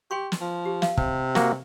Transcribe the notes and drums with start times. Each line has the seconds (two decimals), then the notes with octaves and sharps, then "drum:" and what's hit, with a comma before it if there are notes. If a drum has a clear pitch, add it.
0.11 G4 G5 C6 C#6
0.32 drum: snare
0.41 F3
0.66 G4
0.82 F5, drum: snare
0.97 C3, drum: kick
1.35 A#3 F#4, drum: snare